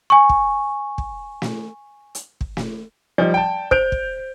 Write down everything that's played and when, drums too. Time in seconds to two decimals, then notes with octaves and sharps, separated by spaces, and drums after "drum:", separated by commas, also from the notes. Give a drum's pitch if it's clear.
0.10 G#5 C#6
0.29 drum: kick
0.98 drum: kick
1.42 drum: snare
2.15 drum: hi-hat
2.41 drum: kick
2.57 drum: snare
3.18 F3 G3 D#4 D5
3.34 G5 A5
3.71 C5 G6 D7 F7, drum: kick
3.92 drum: kick